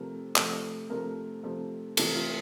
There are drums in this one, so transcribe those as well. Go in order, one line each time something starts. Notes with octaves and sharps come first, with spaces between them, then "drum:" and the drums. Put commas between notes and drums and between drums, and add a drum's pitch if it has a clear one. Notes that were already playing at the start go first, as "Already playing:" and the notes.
Already playing: C3 F3 A3 A#4
C3 F3 A3, drum: clap
C3 F3 A3 A#4
C3 F3 A3
C3 E3 A3 A4, drum: cymbal
F4